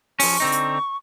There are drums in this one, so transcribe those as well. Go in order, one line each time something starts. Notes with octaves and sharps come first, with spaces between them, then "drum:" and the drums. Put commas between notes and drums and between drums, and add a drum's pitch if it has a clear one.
F3 C#4 C#6, drum: open hi-hat
D3 C4 D#4
drum: hi-hat